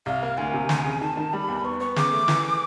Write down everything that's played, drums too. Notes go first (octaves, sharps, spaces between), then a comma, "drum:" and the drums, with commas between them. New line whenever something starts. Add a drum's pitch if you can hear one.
C2 F5
A#3
D2 G#5
C3
D2, drum: snare
C#3
D#3 A5
D#3
G3 B5
E2
B3 C#6
B3 C#6
C#3 D6, drum: snare
A3
E3, drum: snare